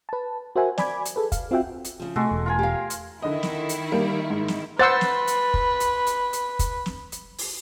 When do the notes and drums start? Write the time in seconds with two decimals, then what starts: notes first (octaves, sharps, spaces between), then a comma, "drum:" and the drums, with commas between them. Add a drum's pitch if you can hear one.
0.09 B4 A5
0.56 F#4 A#4 C5 E5 F#5 G#5
0.78 D5 G#5 B5 D6 G#6, drum: snare
1.05 drum: hi-hat
1.16 G#4 A4 B4
1.32 F5, drum: kick, hi-hat
1.51 C4 F4 F#4 E5 F#5 G5
1.84 drum: hi-hat
2.00 C#3 F3
2.16 C3 G#3 A3 F#4 A4
2.31 E1
2.46 F4 A#4 G#5
2.59 G4 F5
2.90 drum: hi-hat
3.22 D3 D#3 E4 D#5
3.43 drum: snare
3.69 drum: hi-hat
3.92 G3 A#3
4.30 G#2
4.48 drum: snare
4.79 B4 C5 F#5 C6 E6 A6
5.01 drum: snare
5.27 drum: hi-hat
5.54 drum: kick
5.80 drum: hi-hat
6.07 drum: hi-hat
6.33 drum: hi-hat
6.59 drum: kick, hi-hat
6.86 drum: snare
7.12 drum: hi-hat
7.38 drum: open hi-hat